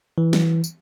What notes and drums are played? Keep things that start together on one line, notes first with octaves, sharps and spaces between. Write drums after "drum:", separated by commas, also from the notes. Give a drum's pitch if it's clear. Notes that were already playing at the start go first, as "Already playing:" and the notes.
E3
drum: snare
drum: tambourine